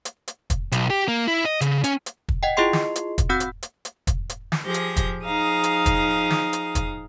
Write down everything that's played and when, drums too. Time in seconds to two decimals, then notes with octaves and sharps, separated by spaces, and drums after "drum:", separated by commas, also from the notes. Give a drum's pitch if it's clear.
0.05 drum: hi-hat
0.28 drum: hi-hat
0.50 drum: kick, hi-hat
0.72 B1, drum: hi-hat
0.90 G4
1.08 A#3
1.28 E4
1.45 D#5
1.61 C#3, drum: hi-hat
1.84 C#4, drum: hi-hat
2.06 drum: hi-hat
2.29 drum: kick
2.43 D#5 F#5 G5
2.57 E4 F4 G#4 D#5 C6 C7
2.73 drum: snare
2.96 drum: hi-hat
3.18 drum: kick, hi-hat
3.29 C4 F#4 F#5 E6 G6
3.40 drum: hi-hat
3.62 drum: hi-hat
3.85 drum: hi-hat
4.07 drum: kick, hi-hat
4.29 drum: hi-hat
4.52 drum: snare
4.64 F3 G4 G#4 G6 A#6
4.74 drum: hi-hat
4.96 drum: kick, hi-hat
5.24 F3 D#4 G#4 F5 A#5 D#6
5.63 drum: hi-hat
5.86 drum: kick, hi-hat
6.30 drum: snare
6.53 drum: hi-hat
6.75 drum: kick, hi-hat